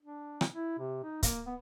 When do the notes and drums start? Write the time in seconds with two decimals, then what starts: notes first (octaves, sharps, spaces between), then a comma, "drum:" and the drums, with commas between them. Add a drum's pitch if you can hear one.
0.03 D4
0.41 drum: rim click
0.53 E4
0.79 C3
1.03 D#4
1.23 A#3, drum: kick, hi-hat
1.46 B3